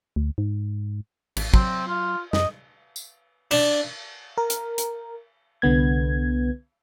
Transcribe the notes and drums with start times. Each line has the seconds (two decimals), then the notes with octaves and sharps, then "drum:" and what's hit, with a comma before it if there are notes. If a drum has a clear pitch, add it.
0.16 D2
0.38 G#2
1.37 A1, drum: cymbal
1.54 F#3 C4, drum: kick
1.88 F4
2.33 F#2 D#5, drum: snare
2.96 drum: tambourine
3.51 D4, drum: cymbal
4.38 A#4
4.50 drum: hi-hat
4.78 drum: hi-hat
5.62 C2 D3 B3 G#6